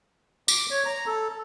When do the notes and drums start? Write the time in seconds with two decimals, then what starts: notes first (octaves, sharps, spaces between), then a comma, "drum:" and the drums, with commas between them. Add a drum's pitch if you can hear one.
0.48 D6, drum: tambourine
0.71 C#5
0.85 A#5
1.06 A4